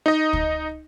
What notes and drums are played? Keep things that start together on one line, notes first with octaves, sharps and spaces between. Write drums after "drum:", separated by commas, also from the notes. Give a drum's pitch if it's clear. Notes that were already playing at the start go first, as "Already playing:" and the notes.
D#4 D#5
drum: kick